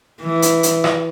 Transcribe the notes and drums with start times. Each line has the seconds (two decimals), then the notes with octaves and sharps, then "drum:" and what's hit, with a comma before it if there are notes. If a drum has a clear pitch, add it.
0.21 E3
0.42 drum: hi-hat
0.63 drum: hi-hat
0.84 drum: rim click